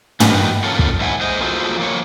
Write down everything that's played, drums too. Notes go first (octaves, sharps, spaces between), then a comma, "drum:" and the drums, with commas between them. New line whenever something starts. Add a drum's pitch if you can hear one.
E3 F#4 G4 A#4 B4 D#5, drum: tom
A#3 C#4 F4 A4 C#5
drum: kick
G#2 B3 E5 F#5 G#5
C5 D#5
A#3 F4 F#4 G#4 A4 C5
F3 A#3 C#5